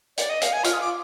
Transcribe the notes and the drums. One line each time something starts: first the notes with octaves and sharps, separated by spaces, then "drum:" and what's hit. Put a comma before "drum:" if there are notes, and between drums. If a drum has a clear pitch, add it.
D5, drum: hi-hat
D#5
F5, drum: hi-hat
G#5
F4 F6, drum: hi-hat
D#6
D6